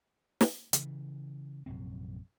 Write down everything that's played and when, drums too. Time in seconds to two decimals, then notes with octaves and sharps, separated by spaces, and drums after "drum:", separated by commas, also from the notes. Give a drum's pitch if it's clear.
0.41 drum: snare
0.73 C#3 E3, drum: hi-hat
1.66 A#1 F#2 C3 C4